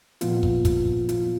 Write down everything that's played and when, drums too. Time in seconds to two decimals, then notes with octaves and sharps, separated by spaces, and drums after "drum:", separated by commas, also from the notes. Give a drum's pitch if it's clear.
0.21 A#2 F3 B3 F4, drum: hi-hat
0.43 drum: kick
0.65 drum: kick, hi-hat
1.09 A#2 F3 B3 F4, drum: hi-hat